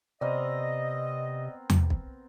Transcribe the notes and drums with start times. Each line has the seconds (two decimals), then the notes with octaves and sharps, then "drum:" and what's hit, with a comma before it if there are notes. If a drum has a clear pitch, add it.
0.21 C3 B3 C4 A#4 D5 D#5
1.70 drum: tom E2
1.90 drum: kick